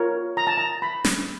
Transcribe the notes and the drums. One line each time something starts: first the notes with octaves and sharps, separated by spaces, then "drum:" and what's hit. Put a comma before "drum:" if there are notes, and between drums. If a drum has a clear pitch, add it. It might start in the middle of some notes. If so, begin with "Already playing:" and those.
Already playing: F4 A#4 C#5
A#5
A5
A#5
B5
drum: snare